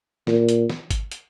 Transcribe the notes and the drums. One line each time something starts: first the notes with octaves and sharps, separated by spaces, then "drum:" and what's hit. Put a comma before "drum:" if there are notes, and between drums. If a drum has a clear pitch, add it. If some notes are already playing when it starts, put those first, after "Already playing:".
A#2, drum: snare
drum: hi-hat
drum: snare
drum: kick G#1, hi-hat
drum: hi-hat